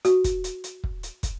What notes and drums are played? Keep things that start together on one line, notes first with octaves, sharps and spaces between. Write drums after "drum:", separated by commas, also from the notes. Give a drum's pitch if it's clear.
F#4, drum: hi-hat
drum: kick, hi-hat
drum: hi-hat
drum: hi-hat
drum: kick
drum: hi-hat
drum: kick, hi-hat